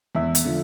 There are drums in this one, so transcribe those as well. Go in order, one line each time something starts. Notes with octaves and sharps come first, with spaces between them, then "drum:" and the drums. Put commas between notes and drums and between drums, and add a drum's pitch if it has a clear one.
E2 E5
drum: hi-hat
D3 F3